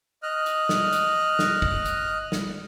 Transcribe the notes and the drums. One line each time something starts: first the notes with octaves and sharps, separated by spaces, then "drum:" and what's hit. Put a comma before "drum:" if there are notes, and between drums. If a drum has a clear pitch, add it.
D#5 F6 F#6
drum: hi-hat
drum: snare
drum: hi-hat
drum: snare
drum: kick
drum: hi-hat
drum: snare